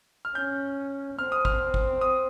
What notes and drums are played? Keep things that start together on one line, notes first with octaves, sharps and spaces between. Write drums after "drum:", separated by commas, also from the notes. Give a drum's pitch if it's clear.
F6
C#4 G6
C4 F6
D#6
F6, drum: kick G1
drum: kick G1
D#6